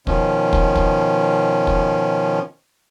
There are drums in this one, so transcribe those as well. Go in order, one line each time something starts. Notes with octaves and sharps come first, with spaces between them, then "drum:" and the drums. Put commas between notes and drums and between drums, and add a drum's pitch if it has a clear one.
B2 D#3 F3 C#4, drum: kick
drum: kick
drum: kick
drum: kick